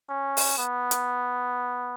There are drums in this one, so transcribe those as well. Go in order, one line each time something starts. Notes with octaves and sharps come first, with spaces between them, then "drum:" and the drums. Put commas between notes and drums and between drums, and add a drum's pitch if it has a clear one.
C#4
drum: open hi-hat
B3
drum: hi-hat